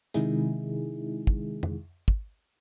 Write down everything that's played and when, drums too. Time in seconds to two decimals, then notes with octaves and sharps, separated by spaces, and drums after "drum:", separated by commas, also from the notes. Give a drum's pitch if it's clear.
0.14 C3 D#3 G#3 D#4 E4 G#4, drum: hi-hat
1.27 drum: kick
1.63 drum: tom F2
2.08 drum: kick